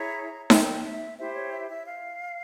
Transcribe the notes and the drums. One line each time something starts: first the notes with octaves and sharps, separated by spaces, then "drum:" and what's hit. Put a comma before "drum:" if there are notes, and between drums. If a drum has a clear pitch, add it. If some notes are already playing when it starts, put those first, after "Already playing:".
Already playing: E4 G#4 C#5 A#5
G5, drum: snare D#4
E5
E4 G4 C5 E5
C#5
E5
E5
F5